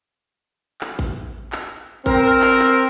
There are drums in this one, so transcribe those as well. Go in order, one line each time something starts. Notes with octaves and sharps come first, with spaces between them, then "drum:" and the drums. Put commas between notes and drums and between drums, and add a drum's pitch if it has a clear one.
drum: clap
drum: kick A1
drum: clap
C4 A#4, drum: kick A1
drum: clap
drum: clap